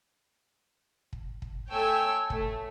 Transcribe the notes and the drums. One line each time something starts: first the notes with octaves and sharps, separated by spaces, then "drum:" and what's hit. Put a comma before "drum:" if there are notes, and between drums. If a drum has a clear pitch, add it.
drum: kick
drum: kick
A3 A4 C#5 G5 G#5 E6
A3, drum: kick